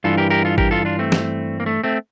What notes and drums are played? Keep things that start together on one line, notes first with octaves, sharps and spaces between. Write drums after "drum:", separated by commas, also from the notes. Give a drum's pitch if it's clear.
G2 E3 F4 A4
G4 A#4
G4 A#4
F4 A4
G4 A#4, drum: kick G#1
F4 A4
D4 F4
A3 C4
drum: snare
A#3
A3
A3 C4